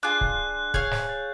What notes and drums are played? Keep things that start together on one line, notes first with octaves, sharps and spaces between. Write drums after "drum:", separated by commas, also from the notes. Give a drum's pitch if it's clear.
D4 F4 G#4 F#6
drum: kick C#1
G#4 C#5 F5 G6, drum: kick C#1
drum: snare
A6